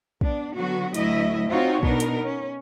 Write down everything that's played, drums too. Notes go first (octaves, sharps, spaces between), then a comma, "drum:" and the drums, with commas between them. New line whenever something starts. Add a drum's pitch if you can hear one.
B3 D4, drum: kick A#1
D3 F#3 B3 F#4
D2 F#3 E4 D#5 E5, drum: hi-hat
C4 D#4 F4 F#4 C5 C#5
B2 B3 D4 D#4 A#4, drum: kick A#1
drum: hi-hat
C#4